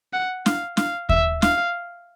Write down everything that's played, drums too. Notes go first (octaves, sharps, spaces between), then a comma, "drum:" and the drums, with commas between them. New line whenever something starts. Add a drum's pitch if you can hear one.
F#5
F5, drum: snare
F5, drum: snare
E5, drum: kick D#2
F5, drum: snare